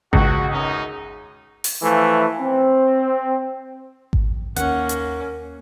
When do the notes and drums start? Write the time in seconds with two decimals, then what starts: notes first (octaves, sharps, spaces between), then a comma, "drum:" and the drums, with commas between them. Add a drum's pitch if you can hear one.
0.13 C#2 F#4, drum: kick G#1
0.51 F#2 C#4 D#4
1.64 drum: open hi-hat
1.83 E3 F3 A3
2.40 C4
4.13 drum: kick G#1
4.56 D#2 A#3 C#4 F#5, drum: hi-hat
4.89 drum: hi-hat